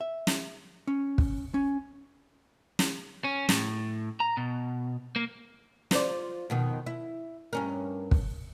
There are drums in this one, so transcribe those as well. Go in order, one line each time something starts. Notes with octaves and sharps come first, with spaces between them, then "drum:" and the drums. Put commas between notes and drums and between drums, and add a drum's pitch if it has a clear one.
E5
drum: snare
C#4
drum: kick
C#4
drum: snare
C#4
A2, drum: snare
A#5
B2
A#3
F4 C5 D5, drum: snare
F2 B2 D#3
E4
G2 C#4 A#4
drum: kick